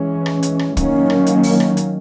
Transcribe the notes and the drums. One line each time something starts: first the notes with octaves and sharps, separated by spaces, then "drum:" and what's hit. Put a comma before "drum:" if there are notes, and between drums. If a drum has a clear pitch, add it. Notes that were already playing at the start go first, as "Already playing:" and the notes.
Already playing: E3 G#3 C#4
drum: rim click
drum: hi-hat
drum: rim click
D#3 F#3 A#3 C#4, drum: kick, hi-hat
drum: rim click
drum: hi-hat
drum: open hi-hat
drum: rim click
drum: hi-hat